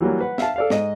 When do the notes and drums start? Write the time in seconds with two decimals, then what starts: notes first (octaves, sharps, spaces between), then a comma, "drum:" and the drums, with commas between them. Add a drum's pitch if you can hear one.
0.01 E3 F#3 G3 A#3
0.21 B4 F#5
0.38 E5 F5 A5, drum: snare
0.56 A4 D5 F5
0.70 G#2 D#5, drum: snare